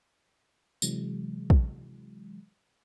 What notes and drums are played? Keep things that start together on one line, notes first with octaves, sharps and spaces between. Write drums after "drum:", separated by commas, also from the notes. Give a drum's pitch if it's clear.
C3 E3 F#3 G#3, drum: tambourine
drum: kick